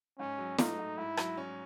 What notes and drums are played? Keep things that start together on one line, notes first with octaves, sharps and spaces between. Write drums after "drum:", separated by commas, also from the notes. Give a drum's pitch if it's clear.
G#2 C#4
F#3
A3 D#4, drum: snare
G#2
G#2 E4
F#3, drum: rim click
C#4